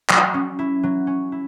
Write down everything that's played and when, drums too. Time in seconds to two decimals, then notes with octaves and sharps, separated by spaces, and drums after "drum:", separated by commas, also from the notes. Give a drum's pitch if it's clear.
0.09 F#3, drum: clap
0.34 C#4
0.59 E4
0.83 F#3
1.07 C#4
1.32 E4